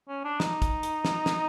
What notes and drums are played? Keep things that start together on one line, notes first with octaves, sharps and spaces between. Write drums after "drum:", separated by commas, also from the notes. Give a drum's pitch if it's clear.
C#4
D4
D#4, drum: snare
drum: kick, hi-hat
drum: hi-hat
drum: snare
drum: snare